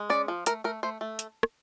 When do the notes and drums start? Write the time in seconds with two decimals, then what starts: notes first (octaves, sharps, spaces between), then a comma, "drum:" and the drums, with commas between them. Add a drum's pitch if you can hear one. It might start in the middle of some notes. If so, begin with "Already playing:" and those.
Already playing: G#3
0.10 C#4 D5
0.28 F3
0.46 A3 A#4, drum: hi-hat
0.64 A3 A#4
0.83 A3 C5
1.01 A3
1.19 drum: hi-hat
1.43 drum: rim click